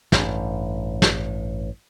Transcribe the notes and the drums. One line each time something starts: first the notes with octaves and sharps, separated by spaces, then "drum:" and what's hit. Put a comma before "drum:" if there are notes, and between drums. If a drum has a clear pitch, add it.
A1 G2, drum: snare
drum: snare